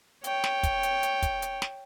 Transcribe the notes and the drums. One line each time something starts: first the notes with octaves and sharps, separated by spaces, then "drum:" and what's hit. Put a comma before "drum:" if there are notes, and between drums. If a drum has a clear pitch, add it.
C#5 G5, drum: hi-hat
drum: snare
drum: kick, hi-hat
drum: hi-hat
drum: hi-hat
drum: kick, hi-hat
drum: hi-hat
drum: snare